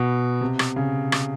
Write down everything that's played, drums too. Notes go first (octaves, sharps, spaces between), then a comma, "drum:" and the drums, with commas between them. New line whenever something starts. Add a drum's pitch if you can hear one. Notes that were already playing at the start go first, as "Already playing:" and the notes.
Already playing: B2
C3
drum: rim click
C#3
drum: rim click